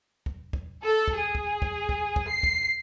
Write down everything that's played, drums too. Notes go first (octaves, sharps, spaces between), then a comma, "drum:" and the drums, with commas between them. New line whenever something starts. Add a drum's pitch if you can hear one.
drum: kick
drum: kick
A4
drum: kick
G#4
drum: kick
drum: kick
drum: kick
drum: kick
C7
drum: kick